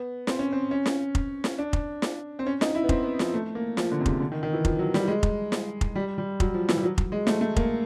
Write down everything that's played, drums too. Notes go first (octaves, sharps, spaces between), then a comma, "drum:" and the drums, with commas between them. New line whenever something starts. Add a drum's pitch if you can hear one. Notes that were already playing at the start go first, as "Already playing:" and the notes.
Already playing: B3
C4, drum: snare
C#4
C4
C#4
drum: snare
drum: kick F1
drum: snare
D4
drum: kick F1
drum: snare
C4
C#4
D#4, drum: snare
E4
B3
C4, drum: kick F1
B3
F3, drum: snare
A3
A#3
F3, drum: snare
D3
C3
C#3, drum: kick F1
D3
D#3
D#3
E3
F3, drum: kick F1
F#3
G3, drum: snare
G#3
drum: kick F1
drum: snare
drum: kick F1
G3
G3
F#3, drum: kick F1
F3
E3, drum: snare
G3
F#3
drum: kick F1
G#3
A3, drum: snare
A3
A#3, drum: kick F1